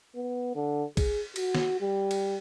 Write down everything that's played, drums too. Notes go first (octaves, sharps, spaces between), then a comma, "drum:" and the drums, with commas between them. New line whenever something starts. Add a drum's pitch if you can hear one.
B3
D3
G#4, drum: kick A#1, cymbal
F#4, drum: cymbal
drum: snare
G3
drum: cymbal